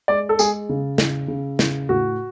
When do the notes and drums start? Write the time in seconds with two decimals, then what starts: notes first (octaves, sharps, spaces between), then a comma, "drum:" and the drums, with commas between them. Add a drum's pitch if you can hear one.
0.08 G#3 D5
0.29 A4
0.39 G#3 G#4, drum: tambourine
0.69 C#3
0.98 C#3, drum: snare
1.28 C#3
1.59 C#3, drum: snare
1.89 A2 F#4